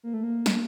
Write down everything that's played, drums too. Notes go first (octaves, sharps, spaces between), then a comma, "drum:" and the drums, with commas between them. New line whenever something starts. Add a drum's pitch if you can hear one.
A#3
A3
A#3
drum: snare